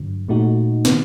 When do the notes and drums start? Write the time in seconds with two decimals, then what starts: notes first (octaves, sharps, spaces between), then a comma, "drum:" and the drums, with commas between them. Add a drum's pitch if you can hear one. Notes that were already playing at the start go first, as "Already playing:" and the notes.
Already playing: G2 D3 F#3
0.28 A#2 A3 D#4 F#4
0.85 C3 D#3, drum: snare